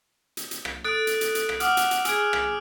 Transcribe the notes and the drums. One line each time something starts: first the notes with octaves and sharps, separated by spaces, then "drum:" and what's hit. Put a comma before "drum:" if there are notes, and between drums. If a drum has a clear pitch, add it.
drum: hi-hat
drum: hi-hat
drum: rim click
A4 D#6 F#6 D7
drum: hi-hat
drum: hi-hat
drum: hi-hat
drum: rim click
F#5 D6 D#6 F6, drum: hi-hat
drum: hi-hat
drum: hi-hat
G#4 G#5 E6 D7, drum: hi-hat
drum: rim click